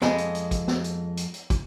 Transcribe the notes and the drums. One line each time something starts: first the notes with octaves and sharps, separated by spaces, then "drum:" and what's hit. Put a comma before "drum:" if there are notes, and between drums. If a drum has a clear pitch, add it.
F2 G#3 B5, drum: snare
drum: hi-hat
drum: hi-hat
drum: kick, hi-hat
drum: snare
drum: hi-hat
drum: hi-hat
drum: hi-hat
drum: kick, hi-hat